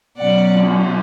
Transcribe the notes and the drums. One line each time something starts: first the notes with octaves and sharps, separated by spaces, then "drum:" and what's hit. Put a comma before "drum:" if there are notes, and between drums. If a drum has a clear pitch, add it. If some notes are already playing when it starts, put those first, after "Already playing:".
B2 F#3 C#4 D5 F#5
drum: cymbal